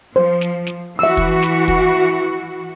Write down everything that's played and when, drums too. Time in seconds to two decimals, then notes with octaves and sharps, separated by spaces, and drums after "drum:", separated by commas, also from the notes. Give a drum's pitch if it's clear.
0.16 F3 C5
0.41 drum: snare
0.67 drum: snare
0.99 E3 F#4 E5 E6
1.17 drum: kick
1.43 drum: snare
1.68 drum: kick